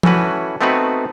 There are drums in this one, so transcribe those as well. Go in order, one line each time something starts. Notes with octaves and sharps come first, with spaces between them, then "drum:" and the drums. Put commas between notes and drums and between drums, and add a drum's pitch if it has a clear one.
E3 A3 C#4 F#4 B4, drum: tom
A3 B3 C4 D#4 F#4 B4